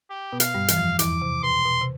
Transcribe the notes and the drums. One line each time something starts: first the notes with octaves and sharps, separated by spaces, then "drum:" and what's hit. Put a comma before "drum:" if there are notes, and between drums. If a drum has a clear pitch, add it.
G4
B2 B3
F5, drum: hi-hat
G2 G3
E3 F5, drum: hi-hat
F2 F3
E2 E3 D6, drum: hi-hat
C3
B2 C6
B2
C3